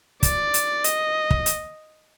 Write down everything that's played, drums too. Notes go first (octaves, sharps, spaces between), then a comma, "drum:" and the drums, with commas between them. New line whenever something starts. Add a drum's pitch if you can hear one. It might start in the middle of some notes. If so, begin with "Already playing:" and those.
D5, drum: kick, hi-hat
drum: hi-hat
D#5, drum: hi-hat
drum: kick
drum: hi-hat